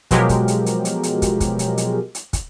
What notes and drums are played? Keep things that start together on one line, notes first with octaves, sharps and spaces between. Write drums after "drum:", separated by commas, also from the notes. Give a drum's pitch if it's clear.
B2 F3 F#3 G#3 G4 A#4, drum: kick, hi-hat
drum: kick, hi-hat
drum: hi-hat
drum: hi-hat
drum: hi-hat
drum: hi-hat
drum: kick, hi-hat
drum: kick, hi-hat
drum: hi-hat
drum: hi-hat
drum: hi-hat
drum: kick, hi-hat